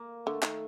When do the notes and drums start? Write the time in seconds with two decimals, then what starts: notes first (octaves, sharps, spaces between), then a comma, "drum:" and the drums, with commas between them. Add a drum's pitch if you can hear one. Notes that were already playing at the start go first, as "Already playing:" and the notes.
Already playing: A#3
0.26 D3 A3
0.43 D#3, drum: clap